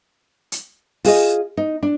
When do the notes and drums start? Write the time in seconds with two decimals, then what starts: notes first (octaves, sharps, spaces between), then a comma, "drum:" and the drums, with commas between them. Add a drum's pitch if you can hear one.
0.52 drum: hi-hat
1.05 F4 G#4 D#5, drum: open hi-hat
1.57 D#4
1.83 D4